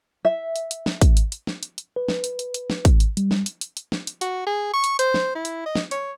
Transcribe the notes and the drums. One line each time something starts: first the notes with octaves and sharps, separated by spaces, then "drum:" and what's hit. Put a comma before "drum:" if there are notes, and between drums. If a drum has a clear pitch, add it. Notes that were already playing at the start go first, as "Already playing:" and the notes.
E5
drum: hi-hat
drum: hi-hat
drum: snare
drum: kick, hi-hat
drum: hi-hat
drum: hi-hat
drum: snare
drum: hi-hat
drum: hi-hat
B4
drum: snare
drum: hi-hat
drum: hi-hat
drum: hi-hat
drum: snare
drum: kick, hi-hat
drum: hi-hat
G3, drum: hi-hat
drum: snare
drum: hi-hat
drum: hi-hat
drum: hi-hat
drum: snare
drum: hi-hat
F#4, drum: hi-hat
G#4
C#6
drum: hi-hat
C5, drum: hi-hat
drum: snare
E4
drum: hi-hat
D#5
drum: snare
C#5, drum: hi-hat